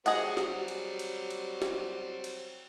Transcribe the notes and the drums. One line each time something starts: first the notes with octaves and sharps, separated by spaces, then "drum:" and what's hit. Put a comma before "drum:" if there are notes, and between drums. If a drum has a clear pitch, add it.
F#3 G3 C4 G#4 D#5 F#5, drum: cymbal
drum: snare
drum: cymbal
drum: cymbal
drum: cymbal
drum: snare
drum: cymbal